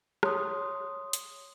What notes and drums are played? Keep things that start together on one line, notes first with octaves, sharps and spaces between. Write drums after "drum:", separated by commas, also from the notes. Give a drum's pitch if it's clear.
C#5 C6 D#6, drum: rim click
drum: hi-hat